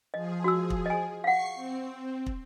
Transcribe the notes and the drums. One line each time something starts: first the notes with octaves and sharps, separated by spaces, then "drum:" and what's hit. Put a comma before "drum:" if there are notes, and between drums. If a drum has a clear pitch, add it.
F3 G#4 D#5
F#4 E6
drum: kick
D#5 G#5
F5 F#5 C#6 C7
C4
drum: kick